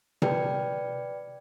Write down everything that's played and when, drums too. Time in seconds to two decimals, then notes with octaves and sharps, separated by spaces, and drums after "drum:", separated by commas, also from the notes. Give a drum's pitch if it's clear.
0.22 B4 D5 G5, drum: tom C3